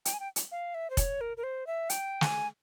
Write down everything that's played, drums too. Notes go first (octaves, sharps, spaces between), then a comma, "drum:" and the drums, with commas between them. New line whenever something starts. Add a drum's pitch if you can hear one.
G5, drum: hi-hat
G#5
G5
drum: hi-hat
F5
E5
C5
C#5, drum: kick F1, hi-hat
A#4
A#4
C5
E5
G5, drum: hi-hat
G#5, drum: snare